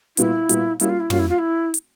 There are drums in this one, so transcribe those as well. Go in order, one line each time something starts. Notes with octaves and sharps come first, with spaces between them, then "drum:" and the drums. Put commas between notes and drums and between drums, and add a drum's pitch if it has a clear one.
A#2 G3 B3 E4, drum: hi-hat
A#2 G3 B3, drum: hi-hat
G3 A#3 C#4 E4 F#4, drum: hi-hat
F4
E4
G3 A#3 C#4 F4 F#4, drum: tom
E4
F4
E4
drum: hi-hat